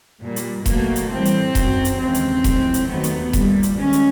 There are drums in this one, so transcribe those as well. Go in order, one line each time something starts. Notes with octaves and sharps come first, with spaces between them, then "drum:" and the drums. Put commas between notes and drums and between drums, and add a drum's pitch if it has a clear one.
A#2 G3
drum: hi-hat
B2 F#3 A3 A#3, drum: kick E1, hi-hat
drum: hi-hat
A2 E3 G3 C4
drum: hi-hat
F#2 D#3 F#3, drum: kick E1, hi-hat
drum: hi-hat
D#2 C#3 E3 G#3 C4
drum: hi-hat
A2 F3 G#3, drum: kick E1, hi-hat
drum: hi-hat
D#2 D#3 F#3 A3 B3
drum: hi-hat
A#2 G3, drum: kick E1, hi-hat
drum: hi-hat
D#3 G#3 C#4
drum: hi-hat